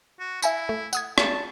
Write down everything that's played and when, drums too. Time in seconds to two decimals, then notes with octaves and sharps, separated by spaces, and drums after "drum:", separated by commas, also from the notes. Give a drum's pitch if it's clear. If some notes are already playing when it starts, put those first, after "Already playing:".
0.20 F#4
0.42 E4 E5 G#5 B5, drum: tambourine
0.69 A3
0.93 F#5 D#6 G#6, drum: tambourine
1.18 A5, drum: rim click